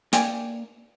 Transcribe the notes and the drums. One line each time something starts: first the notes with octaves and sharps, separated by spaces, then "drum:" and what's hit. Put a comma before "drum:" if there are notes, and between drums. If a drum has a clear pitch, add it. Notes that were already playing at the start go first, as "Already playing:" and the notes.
A#3 D5 G5 G#5, drum: hi-hat